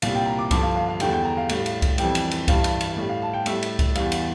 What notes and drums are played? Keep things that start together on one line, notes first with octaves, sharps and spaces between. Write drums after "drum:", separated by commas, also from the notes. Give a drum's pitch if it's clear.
C2 A#2 G3 F5, drum: cymbal
G5
A#5
D6
G2 D3 F3 D6, drum: kick C2, cymbal
F5
F5
F5
E2 D3 G3 G5, drum: cymbal
G5
A#5
F5
A2 G3 F5, drum: cymbal
drum: cymbal
drum: kick C2, cymbal
F2 E3 G3 G5, drum: cymbal
drum: cymbal
drum: cymbal
G2 E3 G3 F5, drum: kick C2, cymbal
drum: cymbal
drum: cymbal
A2 G3
F5
A5
G5
A2 G3 E5, drum: cymbal
drum: cymbal
drum: kick C2, cymbal
E2 E3 G3 F5, drum: cymbal
drum: cymbal